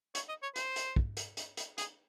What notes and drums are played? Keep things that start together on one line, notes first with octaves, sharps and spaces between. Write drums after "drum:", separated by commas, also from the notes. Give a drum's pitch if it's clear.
C#5, drum: hi-hat
D#5
C#5
C5, drum: hi-hat
drum: hi-hat
drum: kick
drum: hi-hat
drum: hi-hat
drum: hi-hat
G#4, drum: hi-hat